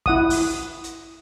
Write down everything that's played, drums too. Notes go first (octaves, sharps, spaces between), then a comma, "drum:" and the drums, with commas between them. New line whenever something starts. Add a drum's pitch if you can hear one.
E4 F#5 D#6, drum: kick
drum: open hi-hat
drum: hi-hat